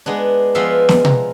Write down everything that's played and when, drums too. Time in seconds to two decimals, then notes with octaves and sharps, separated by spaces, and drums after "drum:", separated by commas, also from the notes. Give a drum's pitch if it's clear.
0.06 G#3 B3 D4
0.55 F3 G#3 B3 E5 F5 G5
0.89 drum: snare
1.05 A#5, drum: tom B2